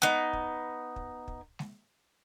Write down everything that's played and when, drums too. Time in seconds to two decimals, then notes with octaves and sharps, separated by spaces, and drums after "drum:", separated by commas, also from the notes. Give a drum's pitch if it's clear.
0.02 B3 D#4, drum: snare G#3
0.33 drum: kick
0.96 drum: kick
1.28 drum: kick
1.59 drum: snare G#3